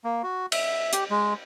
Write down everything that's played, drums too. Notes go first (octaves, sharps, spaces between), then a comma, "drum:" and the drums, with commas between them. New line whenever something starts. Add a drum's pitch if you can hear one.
A#3
F#4
E5, drum: cymbal
G4, drum: hi-hat
G#3